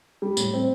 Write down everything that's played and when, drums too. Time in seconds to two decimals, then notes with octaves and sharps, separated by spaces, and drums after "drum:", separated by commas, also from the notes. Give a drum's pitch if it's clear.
0.22 G3
0.37 A2, drum: tambourine
0.54 C4